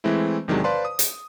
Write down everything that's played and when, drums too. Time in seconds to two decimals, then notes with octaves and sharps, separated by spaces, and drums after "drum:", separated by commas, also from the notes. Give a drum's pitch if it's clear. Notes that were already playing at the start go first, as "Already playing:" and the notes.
0.04 E3 G#3 A3 C4 E4
0.48 E2 C3 D#3 F#3 G#3 D4
0.64 B4 C5 D5 F5 A5 C6
0.85 D#6
0.99 drum: hi-hat